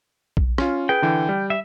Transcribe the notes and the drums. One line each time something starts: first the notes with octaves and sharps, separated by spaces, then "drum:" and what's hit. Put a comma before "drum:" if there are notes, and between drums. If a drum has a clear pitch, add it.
drum: kick B1
C#4 F4, drum: rim click
G#4 B4 G5
D3 E3
G3
E5